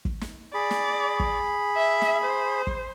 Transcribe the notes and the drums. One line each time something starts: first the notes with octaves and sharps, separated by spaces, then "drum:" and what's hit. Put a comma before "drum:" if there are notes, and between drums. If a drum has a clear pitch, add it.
drum: kick
drum: snare
G#4 D5 B5
drum: snare
drum: kick
E5
drum: snare
C5
drum: kick